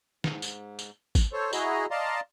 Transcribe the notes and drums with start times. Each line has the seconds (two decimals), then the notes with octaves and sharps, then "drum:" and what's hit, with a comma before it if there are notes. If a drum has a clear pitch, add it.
0.24 G#2, drum: snare
0.42 drum: tambourine
0.79 drum: tambourine
1.15 drum: kick, tambourine
1.33 A4 C5 C#5
1.53 E4 F#4 G#4 D#5 A#5, drum: tambourine
1.91 D5 D#5 F5 A5 A#5 C6